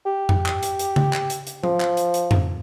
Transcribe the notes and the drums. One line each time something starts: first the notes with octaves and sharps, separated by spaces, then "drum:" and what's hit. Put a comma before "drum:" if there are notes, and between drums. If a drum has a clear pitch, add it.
G4
drum: tom F2
drum: clap
drum: hi-hat
drum: hi-hat
drum: tom C#3
drum: clap
drum: hi-hat
drum: hi-hat
F3, drum: tom F3
drum: clap
drum: hi-hat
drum: hi-hat
drum: tom F2